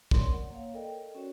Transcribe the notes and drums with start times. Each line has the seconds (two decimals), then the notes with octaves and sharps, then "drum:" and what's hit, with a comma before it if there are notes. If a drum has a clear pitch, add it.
0.11 C#4 A#4 C#5 D5 C6, drum: kick
0.32 F#5
0.51 A#3 C#5 F5
0.74 A4 A#4 D5 D#5 G5
1.15 C#4 F#4 C#5